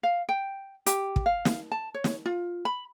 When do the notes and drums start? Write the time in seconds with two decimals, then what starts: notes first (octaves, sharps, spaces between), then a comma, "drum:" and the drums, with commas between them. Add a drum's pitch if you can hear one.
0.03 F5
0.29 G5
0.86 G4, drum: hi-hat
1.16 drum: kick
1.26 F5
1.45 drum: snare
1.72 A5
1.94 C#5
2.04 drum: snare
2.26 F4
2.65 B5